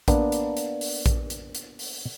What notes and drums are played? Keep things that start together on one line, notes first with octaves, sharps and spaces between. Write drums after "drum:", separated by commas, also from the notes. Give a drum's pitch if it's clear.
A#3 B3 D4, drum: kick A#1, hi-hat
drum: hi-hat
drum: hi-hat
drum: open hi-hat
drum: kick A#1, hi-hat
drum: hi-hat
drum: hi-hat
drum: open hi-hat